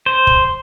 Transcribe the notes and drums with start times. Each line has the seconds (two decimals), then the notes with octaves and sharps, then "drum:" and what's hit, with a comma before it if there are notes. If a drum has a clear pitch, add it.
0.06 C5
0.27 drum: kick